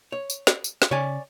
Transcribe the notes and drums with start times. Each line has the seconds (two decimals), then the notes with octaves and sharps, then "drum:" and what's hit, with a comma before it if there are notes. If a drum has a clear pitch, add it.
0.12 C#5
0.30 drum: tambourine
0.47 drum: snare
0.64 drum: tambourine
0.82 drum: snare
0.91 C#3 C#5 D5 G#5